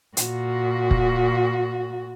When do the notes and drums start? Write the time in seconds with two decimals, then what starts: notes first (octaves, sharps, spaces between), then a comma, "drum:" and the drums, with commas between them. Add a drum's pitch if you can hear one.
0.17 A#2 F#4, drum: hi-hat
0.91 drum: kick